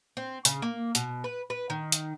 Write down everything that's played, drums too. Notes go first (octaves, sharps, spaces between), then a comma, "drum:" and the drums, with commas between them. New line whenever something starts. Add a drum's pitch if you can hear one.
C4
C#3, drum: hi-hat
A#3
B2, drum: hi-hat
B4
B4
D#3
drum: hi-hat